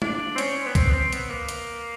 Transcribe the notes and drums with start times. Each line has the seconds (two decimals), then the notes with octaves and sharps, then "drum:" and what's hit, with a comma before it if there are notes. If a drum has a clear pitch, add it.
0.02 D4, drum: tom G#3
0.35 C4
0.38 C#4, drum: hi-hat
0.66 B3
0.75 C4, drum: kick C2, hi-hat
0.90 B3
0.93 C4
1.13 B3, drum: hi-hat
1.30 A#3
1.49 drum: hi-hat